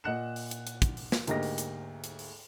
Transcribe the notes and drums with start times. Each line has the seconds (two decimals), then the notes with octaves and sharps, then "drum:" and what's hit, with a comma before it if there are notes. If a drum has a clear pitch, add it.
0.04 A#2 D#5 F#5 F#6 C#7 E7
0.36 drum: open hi-hat
0.51 drum: hi-hat
0.67 drum: hi-hat
0.82 drum: kick, hi-hat
0.97 drum: open hi-hat
1.12 drum: snare
1.28 D2 G#2 A#3 G4 D#5 A#6, drum: hi-hat
1.43 drum: open hi-hat
1.58 drum: hi-hat
2.04 drum: hi-hat
2.19 drum: open hi-hat